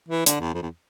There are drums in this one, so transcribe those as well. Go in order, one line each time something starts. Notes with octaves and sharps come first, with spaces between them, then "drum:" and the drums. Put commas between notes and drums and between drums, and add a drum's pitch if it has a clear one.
E3
D3, drum: hi-hat
E2
F2
E2